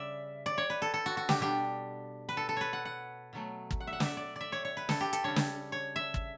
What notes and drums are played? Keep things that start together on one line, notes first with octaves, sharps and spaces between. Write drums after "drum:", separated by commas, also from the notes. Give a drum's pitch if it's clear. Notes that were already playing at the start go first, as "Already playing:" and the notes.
Already playing: C#3 G3 C#4 D5 E5
D5
C#5
B4
A4
A4
F#4
F#4
G4, drum: snare
B2 G3 D4 G4
B4
A4
A4
B4 C#5
F#5
F#5
B2 F#3 A3
drum: kick
F#5
E5
F#5
D5, drum: snare
E5
D5
D5 E5
C#5
C#5
B4
A4, drum: snare
G4
A4, drum: hi-hat
C#3 G3 D4 C#5
drum: snare
C#5
E5
drum: kick